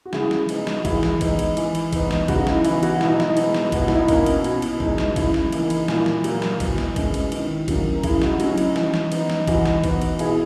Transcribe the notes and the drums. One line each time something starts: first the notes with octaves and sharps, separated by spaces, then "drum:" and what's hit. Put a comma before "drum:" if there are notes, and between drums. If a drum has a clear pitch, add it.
F#4
C#3 E4 G#4, drum: snare
drum: snare
G#3 B3 D#4, drum: cymbal
drum: snare
F#4
E3 E4 G#4, drum: kick A1, cymbal
drum: snare
G#3 B3 D#4, drum: kick A1, cymbal
drum: cymbal
E3, drum: cymbal
drum: cymbal
B3 D#4, drum: kick A1, cymbal
drum: snare
C#3 D#4 F#4, drum: kick A1, cymbal
E4, drum: snare
E3 B3 E4, drum: cymbal
F#4, drum: cymbal
E4
B2, drum: snare
D#4
E4, drum: snare
G#3 B3 D#4, drum: cymbal
drum: snare
B2 F#4, drum: kick A1, cymbal
E4
D#4, drum: snare
E4
A#3 C#4, drum: kick A1, cymbal
drum: cymbal
B2, drum: cymbal
drum: cymbal
G#3 D#4, drum: kick A1
drum: snare
C#3 E4, drum: kick A1, cymbal
drum: snare
E3 A#3 D#4, drum: cymbal
drum: cymbal
A#2 E4, drum: snare
drum: snare
F#3 A#3, drum: cymbal
drum: snare
B2, drum: kick A1, cymbal
drum: snare
G#3 C#4, drum: kick A1, cymbal
drum: cymbal
D#3, drum: cymbal
F#3 A#3 C#4, drum: kick A1, cymbal
A#4
C#3 E4 G#4, drum: kick A1, cymbal
D#4 F#4, drum: snare
F#3 C#4 E4, drum: cymbal
D#4, drum: cymbal
E3, drum: snare
drum: snare
B3 D#4, drum: cymbal
drum: snare
E3 D#4 F#4, drum: kick A1, cymbal
drum: snare
B3 D#4, drum: kick A1, cymbal
drum: cymbal
B2 E4 G#4, drum: cymbal